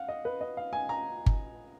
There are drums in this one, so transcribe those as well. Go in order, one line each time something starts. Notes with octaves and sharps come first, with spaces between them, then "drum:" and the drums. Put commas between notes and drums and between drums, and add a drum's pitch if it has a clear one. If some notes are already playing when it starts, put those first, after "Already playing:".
Already playing: F5 F#5
D#5
B4
D#5
F5
G#5
A#5
drum: kick G1